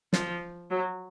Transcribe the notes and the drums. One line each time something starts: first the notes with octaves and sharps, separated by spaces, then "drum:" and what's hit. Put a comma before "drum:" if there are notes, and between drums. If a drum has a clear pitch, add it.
F3, drum: snare
F#3